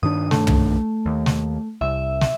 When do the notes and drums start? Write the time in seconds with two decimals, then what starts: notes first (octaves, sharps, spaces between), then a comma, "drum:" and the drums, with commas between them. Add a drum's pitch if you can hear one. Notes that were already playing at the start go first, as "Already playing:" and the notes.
0.03 G2 D#3 D4 D#6
0.31 A3, drum: snare
0.47 drum: tom
1.06 D#2
1.26 drum: snare
1.81 C2 E5
2.21 drum: snare